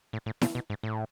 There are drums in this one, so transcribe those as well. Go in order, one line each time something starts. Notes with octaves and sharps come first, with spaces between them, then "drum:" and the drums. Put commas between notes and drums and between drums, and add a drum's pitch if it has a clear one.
A2
A2
B2, drum: snare E4
B2
G#2
A2